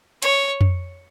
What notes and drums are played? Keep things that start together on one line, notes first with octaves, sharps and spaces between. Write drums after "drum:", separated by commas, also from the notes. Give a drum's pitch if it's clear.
C#5, drum: hi-hat
drum: tom F2